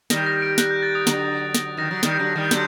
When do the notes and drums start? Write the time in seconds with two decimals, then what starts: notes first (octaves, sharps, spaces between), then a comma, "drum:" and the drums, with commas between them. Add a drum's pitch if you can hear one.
0.10 D#3 G3 A#6, drum: snare
0.26 A#6
0.42 D7
0.58 F#6, drum: snare
0.71 G6
0.83 A6
0.95 D#6
1.01 G6
1.07 D3 F#3 F#6, drum: snare
1.55 A#6, drum: snare
1.77 D#3 A#6
1.91 F#3
2.03 D#3 G3, drum: snare
2.19 D3 F#3
2.36 D#3 G3
2.51 D3 F#3 G6, drum: snare